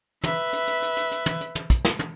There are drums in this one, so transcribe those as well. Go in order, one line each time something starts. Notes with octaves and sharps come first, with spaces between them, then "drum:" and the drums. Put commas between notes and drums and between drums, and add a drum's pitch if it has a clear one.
B4 E5, drum: tom
drum: hi-hat
drum: hi-hat
drum: hi-hat
drum: hi-hat
drum: hi-hat
drum: tom
drum: hi-hat
drum: tom
drum: kick, hi-hat
drum: snare
drum: tom